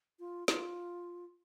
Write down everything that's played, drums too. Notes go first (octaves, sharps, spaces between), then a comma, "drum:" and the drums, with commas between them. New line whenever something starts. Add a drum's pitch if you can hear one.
F4
F4, drum: snare